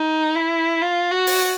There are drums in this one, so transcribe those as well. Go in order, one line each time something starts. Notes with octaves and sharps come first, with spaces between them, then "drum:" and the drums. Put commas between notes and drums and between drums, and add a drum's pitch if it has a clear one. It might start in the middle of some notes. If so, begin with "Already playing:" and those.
Already playing: D#4
E4
F4
F#4
drum: open hi-hat